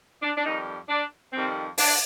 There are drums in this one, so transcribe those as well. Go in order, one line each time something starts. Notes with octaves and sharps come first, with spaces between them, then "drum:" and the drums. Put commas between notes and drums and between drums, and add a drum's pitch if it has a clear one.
D4
D4
F2 D#3 G3 D#4
D4
F2 D#3 G3 C4
D4, drum: open hi-hat